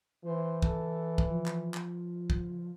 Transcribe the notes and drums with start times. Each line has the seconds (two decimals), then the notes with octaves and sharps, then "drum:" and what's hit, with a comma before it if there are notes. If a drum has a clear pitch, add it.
0.25 E3 C5
0.62 A4, drum: kick
1.18 drum: kick
1.28 F3
1.46 drum: clap
1.74 drum: clap
2.30 drum: kick